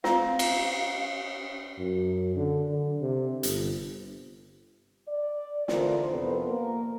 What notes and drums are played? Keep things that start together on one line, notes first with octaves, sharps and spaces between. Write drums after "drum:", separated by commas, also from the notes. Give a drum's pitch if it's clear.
C4 F4 F5, drum: snare
drum: cymbal
F#2
D3
D3
C3
G1, drum: hi-hat
D5
D3 E3 F4 A#4 C5, drum: snare
F2 C3 B3 A4 B4 C5
A#3 A#4